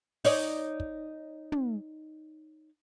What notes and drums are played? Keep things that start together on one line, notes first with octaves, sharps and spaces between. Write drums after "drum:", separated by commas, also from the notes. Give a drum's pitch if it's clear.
D#4 C#5 D5, drum: open hi-hat
drum: kick
drum: tom